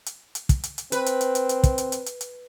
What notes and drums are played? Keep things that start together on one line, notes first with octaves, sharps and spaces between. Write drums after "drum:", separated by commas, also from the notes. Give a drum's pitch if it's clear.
drum: hi-hat
drum: hi-hat
drum: kick, hi-hat
drum: hi-hat
drum: hi-hat
C4 B4, drum: hi-hat
drum: hi-hat
drum: hi-hat
drum: hi-hat
drum: hi-hat
drum: kick, hi-hat
drum: hi-hat
drum: hi-hat
drum: hi-hat
drum: hi-hat